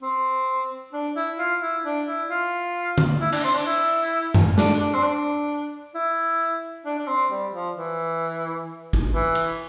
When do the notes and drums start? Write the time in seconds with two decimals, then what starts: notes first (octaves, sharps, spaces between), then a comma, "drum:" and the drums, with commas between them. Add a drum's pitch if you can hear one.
0.02 C4
0.93 D4
1.16 E4
1.39 F4
1.62 E4
1.85 D4
2.07 E4
2.30 F4
2.98 drum: tom D3
3.21 E4
3.32 D4, drum: cymbal
3.44 C4
3.55 D4
3.66 E4
4.34 drum: tom F#2
4.58 D4, drum: snare
4.80 D4
4.94 C4
5.03 D4
5.95 E4
6.85 D4
6.99 D4
7.08 C4
7.31 G3
7.53 F3
7.76 E3
8.93 drum: kick
9.13 E3
9.35 drum: cymbal